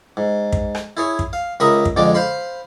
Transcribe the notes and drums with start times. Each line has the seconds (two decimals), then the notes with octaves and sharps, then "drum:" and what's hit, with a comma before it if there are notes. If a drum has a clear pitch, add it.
0.17 G#2
0.52 drum: kick
0.75 drum: rim click
0.97 E4 G#4 C#5
1.19 drum: kick
1.33 F5
1.60 C#2 A#4 E5 B5 C#6 D#6
1.85 drum: kick
1.96 F2 D3 G#3 D4 D6
2.14 C5 F5 B5 C6